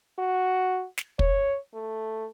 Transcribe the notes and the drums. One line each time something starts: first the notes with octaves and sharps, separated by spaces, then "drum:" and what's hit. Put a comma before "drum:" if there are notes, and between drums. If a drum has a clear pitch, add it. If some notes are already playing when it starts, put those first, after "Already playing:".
F#4
drum: snare
C#5, drum: kick
A3